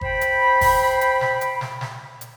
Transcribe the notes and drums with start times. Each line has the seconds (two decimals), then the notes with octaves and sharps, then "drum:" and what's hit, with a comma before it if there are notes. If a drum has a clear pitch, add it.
0.01 C5 G5 B5, drum: kick G1
0.21 drum: hi-hat
0.61 drum: kick G1, open hi-hat
1.01 drum: hi-hat
1.21 drum: snare
1.41 drum: hi-hat
1.61 drum: snare
1.81 drum: snare
2.21 drum: hi-hat